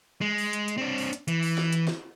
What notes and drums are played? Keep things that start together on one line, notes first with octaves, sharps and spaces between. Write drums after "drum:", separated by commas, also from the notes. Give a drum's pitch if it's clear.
G#3
drum: open hi-hat
drum: hi-hat
drum: hi-hat
C4 D4
drum: open hi-hat
drum: hi-hat
E3, drum: hi-hat
drum: open hi-hat
drum: snare
drum: hi-hat
drum: snare